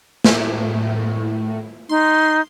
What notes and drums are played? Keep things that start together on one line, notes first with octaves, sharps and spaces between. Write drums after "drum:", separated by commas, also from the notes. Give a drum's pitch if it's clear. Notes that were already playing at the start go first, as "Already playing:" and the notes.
A2, drum: snare
D#4 C6